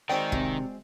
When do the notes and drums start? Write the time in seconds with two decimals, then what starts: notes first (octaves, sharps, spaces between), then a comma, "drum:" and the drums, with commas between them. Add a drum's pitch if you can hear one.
0.09 D#3 G#3 C4 F#4 D5 G5
0.32 C3, drum: kick